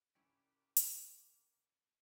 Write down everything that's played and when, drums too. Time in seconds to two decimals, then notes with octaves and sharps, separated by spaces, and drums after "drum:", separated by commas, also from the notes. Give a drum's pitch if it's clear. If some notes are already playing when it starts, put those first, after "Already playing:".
0.15 C2 G2 G3 A#3 C#4 E4 G4
0.76 drum: hi-hat